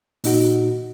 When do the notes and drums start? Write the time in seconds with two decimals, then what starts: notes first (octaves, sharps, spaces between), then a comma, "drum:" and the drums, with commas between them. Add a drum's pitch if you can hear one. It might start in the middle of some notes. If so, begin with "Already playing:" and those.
0.24 A#2 D#4 F#4, drum: open hi-hat